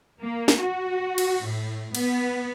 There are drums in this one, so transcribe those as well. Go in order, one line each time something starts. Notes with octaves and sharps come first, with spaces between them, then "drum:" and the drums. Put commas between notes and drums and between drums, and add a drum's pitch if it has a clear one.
A#3
drum: snare
F#4
drum: cymbal
A2
B3, drum: cymbal